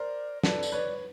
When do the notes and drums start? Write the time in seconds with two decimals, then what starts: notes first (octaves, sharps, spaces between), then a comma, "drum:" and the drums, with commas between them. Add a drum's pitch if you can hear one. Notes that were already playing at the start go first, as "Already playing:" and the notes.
Already playing: A#4 C5 D5
0.43 A4 B4 D5, drum: snare
0.63 drum: tambourine
0.72 B4 C#5